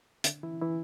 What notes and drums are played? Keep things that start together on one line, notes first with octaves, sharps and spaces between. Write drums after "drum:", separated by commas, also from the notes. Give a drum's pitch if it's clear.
D3 D4, drum: hi-hat
E3 E4
E3 E4